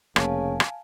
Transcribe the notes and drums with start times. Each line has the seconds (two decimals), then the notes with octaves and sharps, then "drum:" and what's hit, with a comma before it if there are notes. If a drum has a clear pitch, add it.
0.16 F1 C#3 A#3 F5 G#5 A5, drum: rim click
0.60 drum: rim click